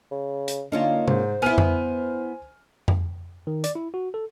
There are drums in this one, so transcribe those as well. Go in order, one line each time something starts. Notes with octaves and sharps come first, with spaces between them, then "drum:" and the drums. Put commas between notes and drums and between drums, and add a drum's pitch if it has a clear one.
C#3
drum: hi-hat
D3 A#3 C#4 D#4 F4
G#2 C5, drum: tom C3
B3 E4 G#5 F6 D#7
drum: tom F2
drum: tom F2
D#3
D5, drum: hi-hat
E4
F#4
A4